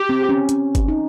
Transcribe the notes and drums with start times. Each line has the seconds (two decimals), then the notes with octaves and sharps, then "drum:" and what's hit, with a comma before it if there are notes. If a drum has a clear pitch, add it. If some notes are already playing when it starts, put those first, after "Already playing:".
Already playing: G4
0.09 C4
0.29 C#4
0.49 C#4, drum: hi-hat
0.75 drum: kick G1, hi-hat
0.88 D#4